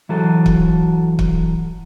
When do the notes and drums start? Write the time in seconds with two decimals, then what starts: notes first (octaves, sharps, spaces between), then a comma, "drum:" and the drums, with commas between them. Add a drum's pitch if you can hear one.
0.09 E3 F#3 F#4 A4
0.46 drum: kick
1.19 drum: kick